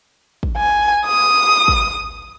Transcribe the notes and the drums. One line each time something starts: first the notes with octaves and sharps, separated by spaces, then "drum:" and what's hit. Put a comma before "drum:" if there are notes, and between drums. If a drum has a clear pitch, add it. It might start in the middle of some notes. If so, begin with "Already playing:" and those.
drum: kick
G#5
D#6
drum: kick